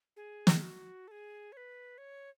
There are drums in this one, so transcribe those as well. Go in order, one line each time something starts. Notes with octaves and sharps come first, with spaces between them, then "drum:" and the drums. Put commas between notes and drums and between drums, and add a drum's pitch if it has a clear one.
G#4
drum: snare
F#4
A4
G#4
C#5
B4
C#5